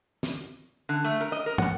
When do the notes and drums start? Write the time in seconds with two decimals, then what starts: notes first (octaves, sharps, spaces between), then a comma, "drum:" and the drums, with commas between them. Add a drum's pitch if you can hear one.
0.23 drum: snare
0.89 D3
1.04 A3
1.21 A#4
1.32 D#5
1.46 A#4
1.58 F#5, drum: tom